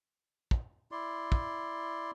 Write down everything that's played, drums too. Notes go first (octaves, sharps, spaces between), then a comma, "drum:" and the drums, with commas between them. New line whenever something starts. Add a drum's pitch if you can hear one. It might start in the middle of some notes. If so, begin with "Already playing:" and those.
drum: kick
E4 D5 C6
drum: kick